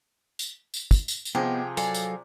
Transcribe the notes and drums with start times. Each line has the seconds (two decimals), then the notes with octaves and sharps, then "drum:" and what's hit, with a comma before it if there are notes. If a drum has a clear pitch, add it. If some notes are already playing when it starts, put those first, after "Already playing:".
0.39 drum: tambourine
0.74 drum: tambourine
0.91 drum: kick, tambourine
1.08 drum: tambourine
1.25 drum: tambourine
1.35 C3 F3 B3 G4 G#4 D#5
1.77 F#3 A4 D5 F5 G#5, drum: tambourine
1.94 drum: tambourine